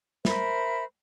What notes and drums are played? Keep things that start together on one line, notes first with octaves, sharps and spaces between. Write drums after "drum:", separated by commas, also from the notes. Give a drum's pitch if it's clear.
A#4 C5 E5 B5, drum: snare